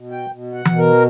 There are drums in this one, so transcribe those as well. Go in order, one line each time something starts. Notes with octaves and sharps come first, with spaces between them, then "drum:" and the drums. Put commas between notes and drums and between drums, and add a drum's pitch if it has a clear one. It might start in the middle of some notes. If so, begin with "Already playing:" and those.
Already playing: B2
G5
B2
F#5
B2, drum: tom E3
A#4